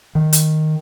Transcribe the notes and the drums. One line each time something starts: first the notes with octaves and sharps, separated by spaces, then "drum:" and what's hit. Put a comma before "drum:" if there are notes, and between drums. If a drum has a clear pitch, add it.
D#3
drum: hi-hat